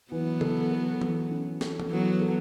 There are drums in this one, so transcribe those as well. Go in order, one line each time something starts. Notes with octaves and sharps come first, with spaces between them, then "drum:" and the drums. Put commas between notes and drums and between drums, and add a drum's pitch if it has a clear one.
E3 F#3 B3
A4, drum: tom C#3
A4
E3, drum: tom E3
C#4
A4, drum: snare
drum: tom E3
E3 F#3 B3
A4